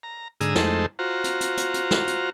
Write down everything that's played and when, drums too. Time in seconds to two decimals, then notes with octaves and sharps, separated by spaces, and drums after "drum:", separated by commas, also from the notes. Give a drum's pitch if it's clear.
0.03 A#5
0.41 G#2 D3 G#4 A#5 D#6 E6, drum: hi-hat
0.55 F2 G#3 A3 D#4 A4 C5, drum: snare
0.99 F4 F#4 C5 A#5
1.24 drum: hi-hat
1.41 drum: hi-hat
1.57 drum: hi-hat
1.74 drum: hi-hat
1.91 drum: snare
2.07 drum: hi-hat